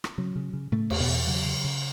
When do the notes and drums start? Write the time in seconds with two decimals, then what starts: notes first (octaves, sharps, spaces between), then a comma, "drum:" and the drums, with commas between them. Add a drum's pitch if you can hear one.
0.04 drum: rim click
0.18 C#3 F#3
0.36 C#3
0.53 C#3
0.72 A2 C#3 A3
0.90 E2, drum: cymbal
1.00 B2 B3
1.08 E2
1.27 C#3 F#3
1.45 C#3
1.64 C#3